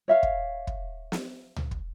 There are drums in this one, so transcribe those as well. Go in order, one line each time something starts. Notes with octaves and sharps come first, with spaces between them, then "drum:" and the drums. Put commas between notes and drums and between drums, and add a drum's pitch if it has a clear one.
C#5 E5 F5
drum: kick
drum: kick
drum: snare
drum: tom C#2
drum: kick